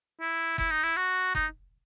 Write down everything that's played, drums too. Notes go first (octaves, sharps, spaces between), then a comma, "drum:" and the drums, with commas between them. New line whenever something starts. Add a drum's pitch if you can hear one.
E4
E4, drum: kick F#1
D#4
E4
F#4
D#4, drum: kick F#1